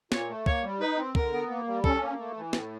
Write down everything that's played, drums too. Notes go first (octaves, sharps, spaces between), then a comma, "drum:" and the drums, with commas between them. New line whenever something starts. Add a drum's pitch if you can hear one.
A#2 C#5, drum: snare
A3
A#3 C#5, drum: kick
G3
D#4 B4
C4
D3 A#4, drum: kick
B3
A#3
G3
C#4 A4, drum: kick
A#3
A3
E3
A2, drum: snare